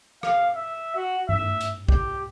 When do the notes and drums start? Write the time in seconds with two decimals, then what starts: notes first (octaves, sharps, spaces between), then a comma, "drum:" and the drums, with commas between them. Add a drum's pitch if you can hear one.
0.23 F5, drum: rim click
0.56 E5
0.96 F#4
1.29 E5, drum: tom G2
1.61 drum: hi-hat
1.89 G4, drum: kick